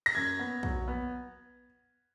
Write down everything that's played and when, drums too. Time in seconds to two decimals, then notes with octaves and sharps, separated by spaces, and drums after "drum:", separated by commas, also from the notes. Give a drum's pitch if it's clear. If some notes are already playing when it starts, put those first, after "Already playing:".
0.06 A#6, drum: cymbal
0.15 F#2 G#6
0.39 B3
0.63 F#3, drum: kick
0.88 B3